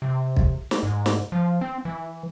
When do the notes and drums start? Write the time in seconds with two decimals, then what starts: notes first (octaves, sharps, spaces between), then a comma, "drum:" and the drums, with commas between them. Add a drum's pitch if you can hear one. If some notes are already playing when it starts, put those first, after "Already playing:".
0.02 C3
0.37 drum: kick
0.71 drum: snare
0.83 G#2
1.06 drum: snare
1.32 F3
1.61 C4
1.85 E3